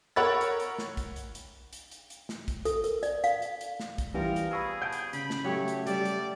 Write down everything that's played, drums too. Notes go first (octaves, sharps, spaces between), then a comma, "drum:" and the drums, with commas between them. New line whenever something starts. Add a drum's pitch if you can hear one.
A#4 C#5 F#5 B5 E6 A6
drum: hi-hat
drum: hi-hat
drum: snare
drum: kick B1, hi-hat
drum: hi-hat
drum: hi-hat
drum: hi-hat
drum: hi-hat
drum: hi-hat
drum: snare
drum: kick B1, hi-hat
A4, drum: hi-hat
A#4, drum: hi-hat
D5, drum: hi-hat
F5, drum: hi-hat
drum: hi-hat
drum: hi-hat
drum: snare
drum: kick B1, hi-hat
E3 G3 B3 F4 A#4
drum: hi-hat
G#4 B5 C#6 E6
F#5 A5 G6 D7
drum: hi-hat
C#3 B5, drum: hi-hat
drum: snare
F#3 A3 F#4 G4 C#5
drum: hi-hat
G3 D5 E5, drum: hi-hat
drum: hi-hat